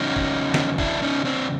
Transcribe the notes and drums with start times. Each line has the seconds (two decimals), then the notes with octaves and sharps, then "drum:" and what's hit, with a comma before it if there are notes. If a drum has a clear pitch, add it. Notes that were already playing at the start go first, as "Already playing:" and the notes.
Already playing: E2 C#3 F#3 C#4 D#4
0.16 drum: kick
0.54 drum: snare
0.78 D4 E4, drum: kick
1.02 C#4 D#4
1.25 C4 D4